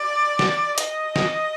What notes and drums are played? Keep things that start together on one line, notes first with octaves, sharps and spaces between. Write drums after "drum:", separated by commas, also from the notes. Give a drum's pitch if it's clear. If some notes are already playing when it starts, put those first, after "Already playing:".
Already playing: D5
drum: snare
D#5, drum: hi-hat
drum: snare